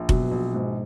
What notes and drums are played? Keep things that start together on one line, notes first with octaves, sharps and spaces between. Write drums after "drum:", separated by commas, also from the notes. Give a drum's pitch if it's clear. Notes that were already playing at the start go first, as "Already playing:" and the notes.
Already playing: A#1
B2 F#3, drum: kick F1
A#1
G#2